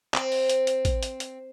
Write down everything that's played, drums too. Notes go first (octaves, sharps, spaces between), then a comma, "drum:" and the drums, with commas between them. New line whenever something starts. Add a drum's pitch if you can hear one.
C4, drum: clap
drum: open hi-hat
drum: hi-hat
drum: hi-hat
drum: kick, hi-hat
drum: hi-hat
drum: hi-hat